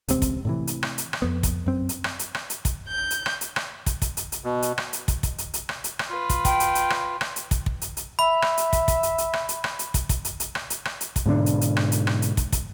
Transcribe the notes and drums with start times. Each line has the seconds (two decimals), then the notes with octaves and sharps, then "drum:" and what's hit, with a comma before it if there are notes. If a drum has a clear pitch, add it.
0.08 D#1 C#2 C3 C4, drum: hi-hat
0.22 drum: kick, hi-hat
0.45 A2 C3 E3
0.67 drum: hi-hat
0.83 drum: rim click
0.98 drum: hi-hat
1.13 drum: rim click
1.22 F2 B3
1.43 drum: kick, hi-hat
1.66 F#2 C4
1.89 drum: hi-hat
2.04 drum: rim click
2.19 drum: hi-hat
2.35 drum: rim click
2.50 drum: hi-hat
2.65 drum: kick, hi-hat
2.88 G6
3.10 drum: hi-hat
3.26 drum: rim click
3.41 drum: hi-hat
3.56 drum: rim click
3.86 drum: kick, hi-hat
4.02 drum: kick, hi-hat
4.17 drum: hi-hat
4.32 drum: hi-hat
4.44 B2
4.62 drum: hi-hat
4.78 drum: rim click
4.93 drum: hi-hat
5.08 drum: kick, hi-hat
5.23 drum: kick, hi-hat
5.38 drum: hi-hat
5.54 drum: hi-hat
5.69 drum: rim click
5.84 drum: hi-hat
5.99 drum: rim click
6.09 F4 B4
6.30 drum: kick, hi-hat
6.45 G5, drum: kick, hi-hat
6.60 drum: hi-hat
6.75 drum: hi-hat
6.90 drum: rim click
7.21 drum: rim click
7.36 drum: hi-hat
7.51 drum: kick, hi-hat
7.66 drum: kick
7.81 drum: hi-hat
7.97 drum: hi-hat
8.19 E5 B5
8.42 drum: rim click
8.57 drum: hi-hat
8.73 drum: kick, hi-hat
8.88 drum: kick, hi-hat
9.03 drum: hi-hat
9.18 drum: hi-hat
9.33 drum: rim click
9.49 drum: hi-hat
9.64 drum: rim click
9.79 drum: hi-hat
9.94 drum: kick, hi-hat
10.09 drum: kick, hi-hat
10.25 drum: hi-hat
10.40 drum: hi-hat
10.55 drum: rim click
10.70 drum: hi-hat
10.85 drum: rim click
11.01 drum: hi-hat
11.16 drum: kick, hi-hat
11.26 G#2 B2 D3 D4
11.46 drum: hi-hat
11.61 drum: hi-hat
11.77 drum: rim click
11.92 drum: hi-hat
12.07 drum: rim click
12.22 drum: hi-hat
12.37 drum: kick, hi-hat
12.53 drum: kick, hi-hat